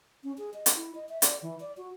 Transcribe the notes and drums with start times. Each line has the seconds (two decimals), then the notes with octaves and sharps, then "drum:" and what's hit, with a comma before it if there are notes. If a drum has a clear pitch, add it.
0.23 C#4
0.38 G#4
0.54 D#5
0.66 drum: hi-hat
0.75 E4
0.95 D#5
1.09 E5
1.22 D5, drum: hi-hat
1.42 E3
1.60 D5
1.77 F#4